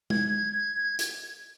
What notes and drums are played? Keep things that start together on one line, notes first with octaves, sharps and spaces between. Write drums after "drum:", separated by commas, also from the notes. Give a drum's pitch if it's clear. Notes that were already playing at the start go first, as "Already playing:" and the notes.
G#6, drum: tom
drum: hi-hat